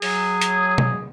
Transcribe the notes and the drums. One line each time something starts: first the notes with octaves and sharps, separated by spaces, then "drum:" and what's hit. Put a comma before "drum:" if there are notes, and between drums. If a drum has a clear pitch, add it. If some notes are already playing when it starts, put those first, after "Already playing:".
F#3 G#4, drum: open hi-hat
drum: hi-hat
drum: tom